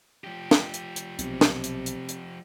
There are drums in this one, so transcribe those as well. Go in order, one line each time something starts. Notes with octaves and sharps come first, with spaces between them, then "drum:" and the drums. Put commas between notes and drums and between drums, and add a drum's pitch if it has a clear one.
F3 G4
drum: snare
drum: hi-hat
drum: hi-hat
B1 C3, drum: hi-hat
drum: snare
drum: hi-hat
drum: hi-hat
drum: hi-hat